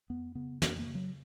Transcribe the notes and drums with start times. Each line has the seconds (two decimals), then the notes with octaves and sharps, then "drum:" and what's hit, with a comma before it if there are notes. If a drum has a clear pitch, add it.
0.10 F2 B3
0.35 C#3 B3
0.62 F2 A#3, drum: snare
0.79 A#3
0.87 C#3
0.95 F#3